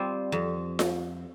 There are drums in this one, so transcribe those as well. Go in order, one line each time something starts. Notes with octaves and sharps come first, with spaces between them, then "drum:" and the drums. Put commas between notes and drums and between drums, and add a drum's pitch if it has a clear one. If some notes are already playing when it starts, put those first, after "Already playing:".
Already playing: G3 C4 F4
F2
drum: snare F4